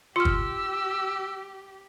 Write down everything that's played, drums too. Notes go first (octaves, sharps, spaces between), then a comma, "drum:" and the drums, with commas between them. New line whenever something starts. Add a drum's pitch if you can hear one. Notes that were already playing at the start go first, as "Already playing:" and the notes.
F4 G4 C6 E6 F6
drum: kick